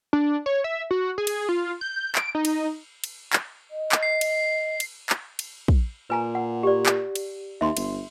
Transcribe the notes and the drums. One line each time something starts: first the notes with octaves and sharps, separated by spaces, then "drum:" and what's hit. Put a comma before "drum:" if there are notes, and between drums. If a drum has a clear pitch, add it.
D4
C#5
E5
F#4
G#4
drum: cymbal
F4
G6
D7, drum: clap
D#4
drum: cymbal
drum: cymbal
drum: clap
D#5
drum: clap
C7
drum: cymbal
drum: cymbal
drum: clap
drum: cymbal
drum: kick
A#2 B4 G#5 A#5
F#5
G4 D5
drum: clap
drum: cymbal
D#2 E5 C6
G1, drum: cymbal